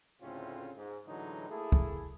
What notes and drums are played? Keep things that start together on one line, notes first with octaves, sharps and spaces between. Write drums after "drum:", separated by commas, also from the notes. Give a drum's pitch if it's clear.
D2 A2 C#3 C4 C#4 F4
G#2
A2 D3 E3 F#3 G#3 D#4
A3 A#3 E4 G#4 A4
drum: kick